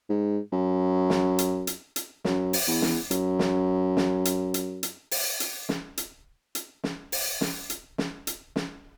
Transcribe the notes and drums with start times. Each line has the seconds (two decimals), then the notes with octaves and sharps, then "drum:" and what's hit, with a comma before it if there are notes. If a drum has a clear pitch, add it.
0.10 G#2
0.52 F#2
1.10 drum: snare
1.38 drum: hi-hat
1.67 drum: hi-hat
1.96 drum: hi-hat
2.25 F#2, drum: snare
2.53 drum: open hi-hat
2.67 E2
2.82 drum: snare
3.11 F#2, drum: hi-hat
3.39 drum: snare
3.97 drum: snare
4.25 drum: hi-hat
4.54 drum: hi-hat
4.83 drum: hi-hat
5.11 drum: open hi-hat
5.40 drum: hi-hat
5.69 drum: snare
5.97 drum: hi-hat
6.55 drum: hi-hat
6.84 drum: snare
7.12 drum: open hi-hat
7.41 drum: snare
7.70 drum: hi-hat
7.98 drum: snare
8.27 drum: hi-hat
8.56 drum: snare